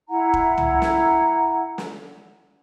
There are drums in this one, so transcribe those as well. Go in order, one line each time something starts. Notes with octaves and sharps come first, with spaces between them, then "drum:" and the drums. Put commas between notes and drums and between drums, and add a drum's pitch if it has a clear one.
E4 F#5 A#5
drum: kick E1
drum: tom
drum: snare
drum: snare